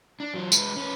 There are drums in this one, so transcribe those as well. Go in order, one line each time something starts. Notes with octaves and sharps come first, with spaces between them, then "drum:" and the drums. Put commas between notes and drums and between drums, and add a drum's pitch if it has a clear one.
D4
F#3 F4
G#3 B4, drum: tambourine
C#4 B4